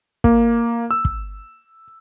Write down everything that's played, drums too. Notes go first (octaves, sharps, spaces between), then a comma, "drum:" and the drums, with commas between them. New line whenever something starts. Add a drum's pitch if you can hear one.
A#3, drum: kick
E6
drum: kick